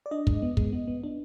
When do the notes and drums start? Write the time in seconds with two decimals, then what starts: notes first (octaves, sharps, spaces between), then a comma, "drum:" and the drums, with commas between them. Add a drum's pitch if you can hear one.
0.06 D5
0.11 D4 D#5
0.27 G#3, drum: kick
0.42 B3
0.57 G#3, drum: kick
0.73 B3
0.87 B3
1.04 D4